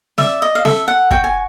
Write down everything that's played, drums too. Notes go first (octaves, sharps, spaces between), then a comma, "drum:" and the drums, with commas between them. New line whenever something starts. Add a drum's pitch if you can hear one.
D5 E5, drum: snare
D#5
F5
A4 E5, drum: snare
F#5
F#4 G5, drum: kick
G#5